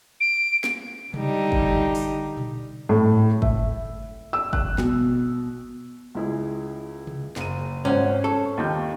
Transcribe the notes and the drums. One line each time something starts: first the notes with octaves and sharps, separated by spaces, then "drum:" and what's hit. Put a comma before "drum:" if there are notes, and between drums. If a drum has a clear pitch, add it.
D7
drum: snare
D3 G3 D#4, drum: tom C3
drum: kick
drum: open hi-hat
drum: tom A#2
A2
E5, drum: kick
E6
F#6, drum: kick
B2, drum: snare
C#2 E4 G#4
drum: tom C3
F#1 D#7, drum: snare
G#1 C4 C#4 F#5
A4 C#6
D#2 D#3 G6